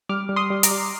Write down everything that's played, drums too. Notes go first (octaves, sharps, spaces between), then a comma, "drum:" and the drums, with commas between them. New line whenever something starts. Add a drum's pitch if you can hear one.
G3 D6 F6
G3
C6 D#6
G3
A#5 D6, drum: hi-hat
G3